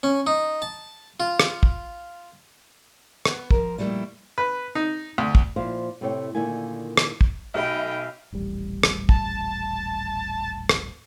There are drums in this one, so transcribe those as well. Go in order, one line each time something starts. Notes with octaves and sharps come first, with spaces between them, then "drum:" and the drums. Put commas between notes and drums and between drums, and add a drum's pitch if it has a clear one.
C#4
D#4
A5
F4
drum: rim click
drum: kick
B3, drum: rim click
F3 A#4, drum: kick
F2 A#2 F#3 G3 A3 E4
B4
D#4
D2
drum: kick
A#2 F3 E4 C5 F5
A2 C3 A3 B4 C#5 G5
A#2 D3 D#3 A#3 E4 G#5
drum: rim click
drum: kick
B1 A3 D#4 G5 B5
D#1 A1 G3
drum: rim click
A5, drum: kick
drum: rim click